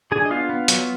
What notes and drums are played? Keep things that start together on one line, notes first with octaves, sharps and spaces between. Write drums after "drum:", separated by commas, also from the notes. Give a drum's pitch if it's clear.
D4 G#4 G#5
D#5
B3 F4 F5
B3
F#3, drum: hi-hat